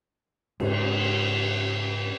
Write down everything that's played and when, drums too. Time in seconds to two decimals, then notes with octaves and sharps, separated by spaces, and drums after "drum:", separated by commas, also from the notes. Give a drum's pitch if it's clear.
0.60 G#2 C#3 G#3, drum: cymbal